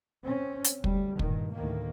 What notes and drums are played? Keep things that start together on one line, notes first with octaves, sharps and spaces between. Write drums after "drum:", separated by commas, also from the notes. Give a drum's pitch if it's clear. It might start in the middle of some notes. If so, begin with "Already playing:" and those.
C4 C#4
drum: hi-hat
D2 G3, drum: kick
G2 A#2 D#3, drum: kick
D2 A2 D#3 A#3